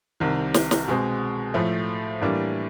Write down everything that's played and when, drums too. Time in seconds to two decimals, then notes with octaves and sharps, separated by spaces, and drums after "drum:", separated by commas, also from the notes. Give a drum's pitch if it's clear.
0.20 C2 C3 D#3
0.54 drum: snare
0.71 drum: snare
0.88 B2 G#3 C4
1.54 A2 F3 A3
2.21 A2 E3 G3 A#3 D4